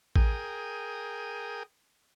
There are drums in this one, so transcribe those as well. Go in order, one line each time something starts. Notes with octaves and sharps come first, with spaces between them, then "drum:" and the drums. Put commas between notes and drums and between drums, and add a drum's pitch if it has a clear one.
G#4 A#4 G5 D#6, drum: kick A1